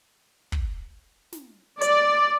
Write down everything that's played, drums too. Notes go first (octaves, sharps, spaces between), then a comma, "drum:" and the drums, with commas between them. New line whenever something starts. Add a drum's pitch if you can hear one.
drum: kick
drum: snare
D5, drum: hi-hat